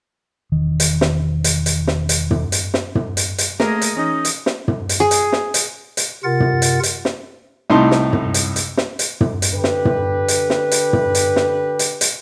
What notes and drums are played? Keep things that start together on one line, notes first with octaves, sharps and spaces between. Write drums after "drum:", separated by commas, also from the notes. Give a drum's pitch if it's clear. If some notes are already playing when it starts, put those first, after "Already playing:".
E1 D#3
drum: hi-hat
drum: snare
drum: hi-hat
drum: hi-hat
drum: snare
drum: hi-hat
drum: tom
drum: hi-hat
drum: snare
drum: tom
drum: hi-hat
drum: hi-hat
A3 A#3 G#4 A#4 D#5, drum: snare
drum: hi-hat
E3 C#4 D#4 D#5
drum: hi-hat
drum: snare
drum: tom
drum: hi-hat
G#4
drum: hi-hat
drum: snare
drum: hi-hat
drum: hi-hat
C3 F4 A#4 F#5 A6
drum: tom
drum: hi-hat
drum: hi-hat
drum: snare
C2 A2 D#4 A5 C6
drum: snare
drum: tom
drum: hi-hat
drum: hi-hat
drum: snare
drum: hi-hat
drum: tom
drum: hi-hat
D3 G4 B4
drum: snare
drum: tom
drum: hi-hat
drum: snare
drum: hi-hat
drum: tom
drum: hi-hat
drum: snare
drum: hi-hat
drum: hi-hat